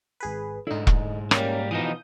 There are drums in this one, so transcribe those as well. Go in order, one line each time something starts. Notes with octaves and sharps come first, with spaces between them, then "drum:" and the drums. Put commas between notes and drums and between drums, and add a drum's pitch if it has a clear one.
G#1 G#4 B4
G#2 D3 D#4 E4
drum: kick E1
G3 A#3 C#4 A#4 A#5, drum: rim click
B2 E3 F3 D#4 D#6 G6